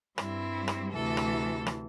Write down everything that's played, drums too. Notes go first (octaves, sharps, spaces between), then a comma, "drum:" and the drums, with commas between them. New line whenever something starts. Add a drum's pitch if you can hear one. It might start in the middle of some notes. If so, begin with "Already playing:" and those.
G2 G3 C4 E4, drum: rim click
drum: rim click
D2 C3 E3 A4
drum: rim click
drum: rim click